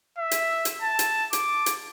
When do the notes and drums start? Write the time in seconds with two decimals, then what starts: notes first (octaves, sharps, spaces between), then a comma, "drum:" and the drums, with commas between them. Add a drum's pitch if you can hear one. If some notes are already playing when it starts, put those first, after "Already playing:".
0.18 E5
0.31 drum: hi-hat
0.65 drum: hi-hat
0.82 A5
0.99 drum: hi-hat
1.33 D6, drum: hi-hat
1.66 drum: hi-hat